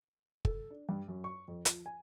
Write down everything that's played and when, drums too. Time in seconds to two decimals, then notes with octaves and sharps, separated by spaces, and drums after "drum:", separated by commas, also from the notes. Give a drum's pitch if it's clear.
0.45 A4, drum: kick
0.70 D4
0.89 G2
1.08 F#2
1.24 C#6
1.48 F2
1.65 F3, drum: hi-hat
1.86 G#5